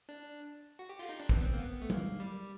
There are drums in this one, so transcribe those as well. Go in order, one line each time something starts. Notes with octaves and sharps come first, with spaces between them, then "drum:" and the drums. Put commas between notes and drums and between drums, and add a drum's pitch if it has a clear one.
D4
F#4
G4
F4, drum: open hi-hat
D#4
D4
C4, drum: kick
B3
C4
A#3
B3
A3
A#3, drum: tom
G3